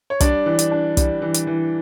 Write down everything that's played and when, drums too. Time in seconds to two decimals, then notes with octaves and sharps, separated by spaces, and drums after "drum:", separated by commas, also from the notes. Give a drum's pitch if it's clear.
0.10 C#5
0.20 G3 D4 D5, drum: kick, hi-hat
0.46 E3
0.59 drum: hi-hat
0.71 D4
0.97 G3, drum: kick, hi-hat
1.22 E3
1.34 drum: hi-hat
1.47 E3